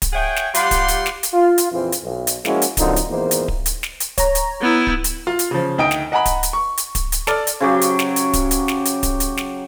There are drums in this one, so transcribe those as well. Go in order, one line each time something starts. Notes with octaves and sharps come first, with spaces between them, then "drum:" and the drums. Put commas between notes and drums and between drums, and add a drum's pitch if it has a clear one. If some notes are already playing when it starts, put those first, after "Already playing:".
drum: kick D1, hi-hat
G#4 C#5 E5 F#5 G5
drum: snare
G3 F4 G4 F5 F#5 C6, drum: hi-hat
drum: kick D1, hi-hat
drum: hi-hat
drum: snare
drum: hi-hat
F4
drum: hi-hat
A#1 F2 E3 C4 F4 C5
drum: hi-hat
B1
drum: hi-hat
F3 G#3 A#3 C#4 E4 F#4, drum: snare
drum: hi-hat
A#2 D3 F#3 C4 D#4 F4, drum: kick D1, hi-hat
drum: hi-hat
G#1 E2 A#2 A#3 D#4 C5
drum: hi-hat
drum: kick D1
drum: hi-hat
drum: snare
drum: hi-hat
C#5 A#5, drum: kick D1, hi-hat
drum: hi-hat
B3 E4
drum: kick D1
drum: hi-hat
F4
drum: hi-hat
C#3 F3
D2 D#4 G5 D#6 D7
drum: snare
D#5 F#5 G#5 A#5 B5
drum: kick D1, hi-hat
drum: hi-hat
C#6
drum: hi-hat
drum: kick D1, hi-hat
drum: hi-hat
A4 D5 F6, drum: snare
drum: hi-hat
C#3 F#3 G4
drum: hi-hat
drum: snare
drum: hi-hat
drum: kick D1, hi-hat
drum: hi-hat
drum: snare
drum: hi-hat
drum: kick D1, hi-hat
drum: hi-hat
drum: snare